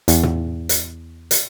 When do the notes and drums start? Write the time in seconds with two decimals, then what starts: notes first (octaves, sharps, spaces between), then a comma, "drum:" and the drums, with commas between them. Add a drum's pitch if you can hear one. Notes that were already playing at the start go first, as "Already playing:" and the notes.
0.08 E2, drum: hi-hat
0.23 drum: tom
0.69 drum: hi-hat
1.31 drum: hi-hat